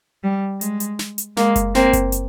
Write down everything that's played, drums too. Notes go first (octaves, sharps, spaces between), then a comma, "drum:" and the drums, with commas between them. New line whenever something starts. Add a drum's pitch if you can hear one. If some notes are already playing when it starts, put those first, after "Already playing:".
G3
G#3, drum: hi-hat
drum: hi-hat
drum: snare
drum: hi-hat
G#3 A#3, drum: snare
drum: kick F#1, hi-hat
A#3 C4, drum: snare
drum: kick F#1, hi-hat
drum: hi-hat